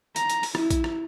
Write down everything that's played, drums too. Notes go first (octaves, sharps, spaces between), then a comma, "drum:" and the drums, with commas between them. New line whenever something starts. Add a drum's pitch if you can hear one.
A#5, drum: hi-hat
drum: hi-hat
drum: open hi-hat
E4, drum: rim click
drum: kick, hi-hat
drum: rim click